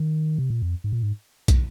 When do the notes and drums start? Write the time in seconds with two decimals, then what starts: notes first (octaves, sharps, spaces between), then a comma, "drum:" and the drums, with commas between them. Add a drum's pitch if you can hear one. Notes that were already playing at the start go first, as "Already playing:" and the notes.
Already playing: D#3
0.38 C3
0.50 A#2
0.62 F2
0.84 G#2
0.93 A#2
1.03 G#2
1.48 drum: kick, hi-hat